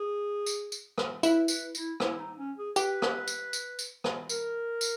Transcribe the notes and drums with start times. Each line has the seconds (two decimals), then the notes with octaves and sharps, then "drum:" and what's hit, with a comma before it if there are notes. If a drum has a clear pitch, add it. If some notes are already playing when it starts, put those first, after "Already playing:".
Already playing: G#4
0.46 drum: tambourine
0.72 drum: tambourine
0.98 drum: rim click
1.23 E4 B4, drum: tambourine
1.48 B4, drum: tambourine
1.75 E4, drum: tambourine
2.00 E4, drum: rim click
2.18 D#4
2.38 C#4
2.57 G#4
2.76 G4 B4, drum: tambourine
3.02 drum: rim click
3.28 drum: tambourine
3.53 drum: tambourine
3.79 drum: tambourine
4.04 drum: rim click
4.29 A#4, drum: tambourine
4.81 drum: tambourine